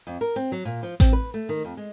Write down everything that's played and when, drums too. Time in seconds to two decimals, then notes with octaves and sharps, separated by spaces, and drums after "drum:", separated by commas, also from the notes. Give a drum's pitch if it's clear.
0.07 F2
0.21 A#4
0.36 C4
0.52 F#3
0.65 A#2
0.83 F3
1.00 C4, drum: kick A1, hi-hat
1.13 B4
1.34 A3
1.49 D#3
1.65 F2
1.77 G#3